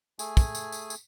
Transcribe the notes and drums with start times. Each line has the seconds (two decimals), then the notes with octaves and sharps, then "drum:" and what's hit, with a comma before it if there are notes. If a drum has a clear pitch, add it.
0.19 A3 G#4 G#5, drum: tambourine
0.37 drum: kick, tambourine
0.55 drum: tambourine
0.72 drum: tambourine
0.90 drum: tambourine